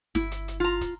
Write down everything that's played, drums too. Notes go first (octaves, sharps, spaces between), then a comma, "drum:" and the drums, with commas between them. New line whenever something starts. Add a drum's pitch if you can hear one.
G1 E4, drum: snare
drum: hi-hat
drum: hi-hat
F4 A#5
drum: kick, hi-hat